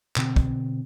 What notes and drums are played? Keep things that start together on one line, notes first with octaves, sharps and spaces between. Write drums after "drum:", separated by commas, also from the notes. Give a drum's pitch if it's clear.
B2 D3 C4, drum: clap
drum: kick